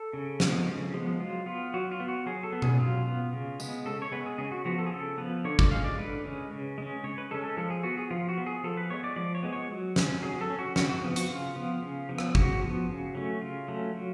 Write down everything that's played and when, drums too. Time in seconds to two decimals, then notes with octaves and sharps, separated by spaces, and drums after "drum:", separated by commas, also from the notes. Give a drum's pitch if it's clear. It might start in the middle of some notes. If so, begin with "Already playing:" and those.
Already playing: A4
0.13 C#3
0.40 F3 G#3 B3, drum: snare
0.67 C#3
0.94 F3 G#3 B3
1.20 F#3 F4
1.46 B3 F4
1.74 F#3 F#4
1.91 F4
2.00 B3
2.08 F#4
2.26 F#3 G#4
2.43 A4
2.53 B3
2.62 G#4, drum: tom B2
2.79 F#3 F4
3.06 B3
3.33 C#3
3.60 G#3 B3, drum: tambourine
3.85 C#3 A4
4.02 C#5
4.12 G#3 B3 B4
4.26 G#4
4.38 C#3 G#4
4.52 F#4
4.65 F3 B3 F#4
4.78 A4
4.86 G#4
4.91 C#3 A4
5.18 F3 B3 B4
5.44 D3 C#5
5.59 D5, drum: kick
5.71 G#3 C#4 F5
5.84 D5
5.98 D3 B4
6.24 G#3 C#4
6.51 C#3
6.78 G#3 C#4
7.04 C#3 C#5
7.18 B4
7.31 G#3 C#4 A4
7.44 A4
7.57 F3 A4
7.70 G#4
7.83 B3 F#4
7.97 G#4
8.11 F3 F4
8.29 F#4
8.37 B3
8.46 G#4
8.64 F3 A4
8.77 B4
8.90 G#3 B3 C#5
9.04 D5
9.16 F3 D5
9.35 C#5
9.43 G#3 B3
9.53 C#5
9.70 F#3
9.96 C#4, drum: snare
10.22 F#3 G#4
10.41 A4
10.50 C#4
10.59 F#4
10.76 C#3 F#4, drum: snare
10.89 F#4
11.03 F3 B3
11.16 F#4, drum: hi-hat
11.29 C#3 F4
11.56 F3 B3
11.82 C#3
12.09 F3 B3
12.19 drum: rim click
12.35 C#3 F#4, drum: kick
12.61 F3 B3
12.89 C#3
13.15 F#3 A3 C#4
13.41 C#3 F4
13.68 F#3 A3 C#4
13.95 F#3